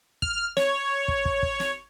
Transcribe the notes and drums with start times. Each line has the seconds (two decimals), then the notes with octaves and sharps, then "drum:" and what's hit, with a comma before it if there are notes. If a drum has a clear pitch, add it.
0.22 F6, drum: kick
0.57 C#5, drum: snare
1.08 drum: kick
1.25 drum: kick
1.43 drum: kick
1.60 drum: snare